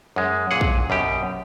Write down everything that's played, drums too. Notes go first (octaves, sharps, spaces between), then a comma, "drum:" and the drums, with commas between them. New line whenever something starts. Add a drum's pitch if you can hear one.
F#2 G#3
A#2 G#4 F#5
drum: kick
F#2 B2 G4